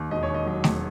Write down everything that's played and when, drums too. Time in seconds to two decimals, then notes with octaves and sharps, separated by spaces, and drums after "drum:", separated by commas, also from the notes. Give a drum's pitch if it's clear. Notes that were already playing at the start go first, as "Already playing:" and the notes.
Already playing: D#2
0.11 E1 D#5
0.23 C#5
0.29 D#2
0.34 D#5
0.46 F#3 D#5
0.64 E1, drum: snare A3